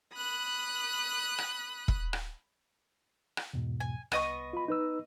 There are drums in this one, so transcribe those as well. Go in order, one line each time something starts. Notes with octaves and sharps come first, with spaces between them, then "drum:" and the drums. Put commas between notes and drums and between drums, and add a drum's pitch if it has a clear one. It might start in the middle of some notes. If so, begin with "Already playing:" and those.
B5 D#6 F#6
drum: rim click
drum: kick E1
drum: rim click
drum: rim click
E2 G#2 B2
G#5
C2 B3 D#5 C#6, drum: rim click
F4 B5
D#4 B4 E6